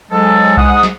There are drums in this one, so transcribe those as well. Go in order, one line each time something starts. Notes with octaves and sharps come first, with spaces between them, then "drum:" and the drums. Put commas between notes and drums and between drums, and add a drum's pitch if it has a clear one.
G#2 F#3 G#3 A4
G#2 F#5 D#6, drum: kick C2
drum: snare